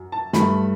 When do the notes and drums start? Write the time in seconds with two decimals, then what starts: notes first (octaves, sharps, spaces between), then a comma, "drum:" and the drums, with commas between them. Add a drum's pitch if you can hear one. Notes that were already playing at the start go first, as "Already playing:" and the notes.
Already playing: F#2
0.12 A5
0.33 G2 F#3 A3 B5, drum: snare